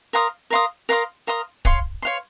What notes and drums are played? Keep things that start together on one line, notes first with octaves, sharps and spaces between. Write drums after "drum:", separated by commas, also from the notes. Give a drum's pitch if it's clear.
A#4 F5 C6 D#6
A#4 F5 C6 D#6
A#4 F5 C6 D#6
A#4 F5 C6 D#6
C#5 F5 C6, drum: kick
C#5 F5 C6